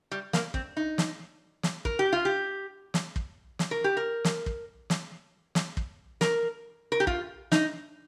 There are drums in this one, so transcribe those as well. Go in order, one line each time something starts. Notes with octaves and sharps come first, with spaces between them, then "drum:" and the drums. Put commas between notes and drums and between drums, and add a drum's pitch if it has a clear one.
G3
A#3, drum: snare
C4, drum: kick
D#4
drum: snare
drum: snare
A#4, drum: kick
G4
F4
G4
drum: snare
drum: kick
drum: snare
A#4
G4
A#4
drum: snare
drum: kick
drum: snare
drum: snare
drum: kick
A#4, drum: snare
A#4
G4
F4, drum: kick
D#4, drum: snare